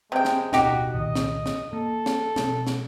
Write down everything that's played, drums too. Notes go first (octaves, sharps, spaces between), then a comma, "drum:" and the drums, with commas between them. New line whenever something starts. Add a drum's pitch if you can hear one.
C3 G#3 G5
drum: snare
D1 B2 B3 D#4 F#4 G4, drum: snare
C2 A#2 D#3 D#5
drum: snare
drum: snare
A#3 A4
drum: snare
B2 G#3 C4, drum: snare
drum: snare